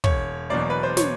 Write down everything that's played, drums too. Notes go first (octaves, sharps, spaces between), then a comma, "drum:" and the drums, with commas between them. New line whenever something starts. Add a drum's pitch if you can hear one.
E1 C#5, drum: kick
E2 B2 F#3 A#3 D5
B4
C5
C#5, drum: snare